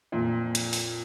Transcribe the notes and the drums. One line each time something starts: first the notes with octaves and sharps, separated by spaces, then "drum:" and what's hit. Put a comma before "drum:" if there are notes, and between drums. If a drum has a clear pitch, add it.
F2 A#2
drum: hi-hat
drum: open hi-hat